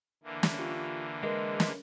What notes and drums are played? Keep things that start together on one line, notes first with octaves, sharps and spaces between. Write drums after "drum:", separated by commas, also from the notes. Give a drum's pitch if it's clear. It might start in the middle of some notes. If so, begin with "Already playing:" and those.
D3 E3 A#3
drum: snare
F4 G4
G#3 A#4 B4
drum: snare